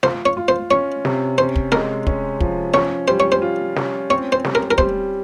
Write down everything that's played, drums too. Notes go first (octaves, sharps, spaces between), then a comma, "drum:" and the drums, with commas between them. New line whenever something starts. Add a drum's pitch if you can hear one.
F4 C5, drum: snare
C#5
F4
C5
C#4 C#5
C3, drum: snare
C#4 C5
drum: kick
G#3 A#4, drum: snare
C#4, drum: kick
F3, drum: kick
C#4 C#5, drum: snare
G3 C5
C#5
C5
F4
C#4, drum: snare
C4 C#5
C5
G3, drum: snare
A#4
A#4
G3 C5, drum: kick